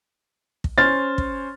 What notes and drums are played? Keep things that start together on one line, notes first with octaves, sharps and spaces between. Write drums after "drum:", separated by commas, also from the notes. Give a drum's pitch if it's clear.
drum: kick
C#4 C5 F6 A6
drum: kick